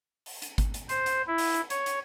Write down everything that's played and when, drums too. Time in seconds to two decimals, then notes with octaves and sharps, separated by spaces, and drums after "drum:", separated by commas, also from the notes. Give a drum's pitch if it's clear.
0.26 drum: open hi-hat
0.42 drum: hi-hat
0.58 drum: kick G#1, hi-hat
0.74 drum: hi-hat
0.89 C5, drum: hi-hat
1.06 drum: hi-hat
1.27 E4
1.38 drum: open hi-hat
1.54 drum: hi-hat
1.70 C#5, drum: hi-hat
1.86 drum: hi-hat